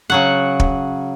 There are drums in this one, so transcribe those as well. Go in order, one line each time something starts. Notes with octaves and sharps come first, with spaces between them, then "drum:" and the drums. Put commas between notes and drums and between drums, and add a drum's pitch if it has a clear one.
C#3 F#3 F#5
drum: kick